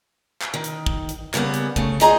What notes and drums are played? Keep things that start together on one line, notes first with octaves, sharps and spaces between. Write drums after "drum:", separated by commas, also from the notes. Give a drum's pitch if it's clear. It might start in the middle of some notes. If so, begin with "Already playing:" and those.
drum: clap
D#3
drum: hi-hat
drum: kick
drum: hi-hat
C#3 G3 A#3 B3, drum: clap
drum: hi-hat
C#3 A3, drum: kick
D#4 F4 G#4 D#5 G#5 A#5, drum: hi-hat